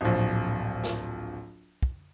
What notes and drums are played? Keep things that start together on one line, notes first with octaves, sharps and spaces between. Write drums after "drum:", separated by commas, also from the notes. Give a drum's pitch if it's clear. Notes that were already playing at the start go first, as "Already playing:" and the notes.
D1 A#1
drum: snare
drum: kick